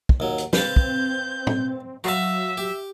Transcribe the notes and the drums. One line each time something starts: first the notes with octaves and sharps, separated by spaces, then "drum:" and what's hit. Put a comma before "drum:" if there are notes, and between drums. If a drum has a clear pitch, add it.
drum: kick
D#2 F#3
drum: hi-hat
C4 B4 F5 A5 G6, drum: snare
drum: kick
drum: tom
F#3 F#4 E5 F5
G4